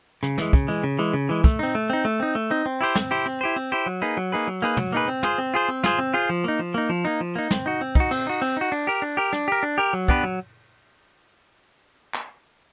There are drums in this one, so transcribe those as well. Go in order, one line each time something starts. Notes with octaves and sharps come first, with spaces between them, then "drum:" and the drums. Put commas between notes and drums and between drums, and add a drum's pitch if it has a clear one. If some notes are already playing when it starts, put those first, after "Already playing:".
C#3, drum: rim click
E3 G#3, drum: snare
C#3, drum: kick
E3 G#3
C#3
E3 G#3
C#3
E3 G#3
A3, drum: kick
C4 D#4
A3
C4 D#4
A3
C4 D#4
A3
C4 D#4
C4
E4 G4 C5, drum: open hi-hat
C4, drum: snare
E4 G4 C5
C4
E4 G4 C5
C4
E4 G4 C5
F#3
A#3 D#4 G#4 B4
F#3
A#3 D#4 G#4 B4
F#3
A#3 D#4 G#4 B4, drum: hi-hat
F#3, drum: tom
A#3 D#4 G#4 B4
C4
F4 G#4 C5, drum: tom
C4
F4 G#4 C5
C4
F4 G#4 C5, drum: snare
C4
F4 G#4 C5
F3
A#3 D#4
F3
A#3 D#4
F3
A#3 D#4
F3
A#3 D#4
C4, drum: snare
D#4 F#4
C4
D#4 F#4, drum: kick
C4, drum: cymbal
D#4 F#4
C4
D#4 F#4
D4
G4 A#4
D4
G4 A#4
D4, drum: rim click
G4 A#4
D4
G4 A#4
F#3
B3 D4 G4 B4, drum: kick
F#3
drum: clap